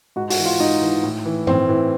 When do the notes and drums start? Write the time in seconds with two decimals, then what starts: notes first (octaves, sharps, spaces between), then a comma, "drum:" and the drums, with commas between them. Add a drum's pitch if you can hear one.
0.16 G#2 F#4
0.30 F#4, drum: open hi-hat
0.39 E3
0.46 F4
0.60 G#2 D#4
0.82 E3
1.03 A2
1.26 E3
1.47 A2 C4, drum: tom
1.69 E3